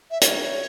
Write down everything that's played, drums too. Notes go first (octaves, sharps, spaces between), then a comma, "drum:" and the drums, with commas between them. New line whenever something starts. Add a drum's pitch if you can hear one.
E5
C#5, drum: hi-hat